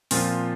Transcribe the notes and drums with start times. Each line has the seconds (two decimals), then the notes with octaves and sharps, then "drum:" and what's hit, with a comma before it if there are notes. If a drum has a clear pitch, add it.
0.11 A#2 F3 C4 F4, drum: open hi-hat